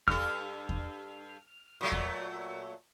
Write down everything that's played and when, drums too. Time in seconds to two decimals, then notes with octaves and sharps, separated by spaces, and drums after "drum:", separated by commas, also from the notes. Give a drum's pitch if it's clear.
0.08 G2 A4 F6, drum: kick E2
0.69 drum: kick E2
1.81 A#2 F#3 A3
1.92 drum: kick E2